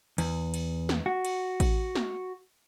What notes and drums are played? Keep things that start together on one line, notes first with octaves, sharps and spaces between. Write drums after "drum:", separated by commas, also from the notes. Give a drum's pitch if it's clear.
E2, drum: cymbal
drum: cymbal
drum: snare
F#4
drum: cymbal
drum: kick A1, cymbal
drum: snare